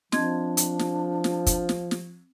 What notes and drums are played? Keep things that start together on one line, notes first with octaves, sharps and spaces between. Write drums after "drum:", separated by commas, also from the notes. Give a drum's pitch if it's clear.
F3 C4 D4 D#5 G#6, drum: snare
drum: hi-hat
drum: snare
drum: snare
drum: kick, hi-hat
drum: snare
drum: snare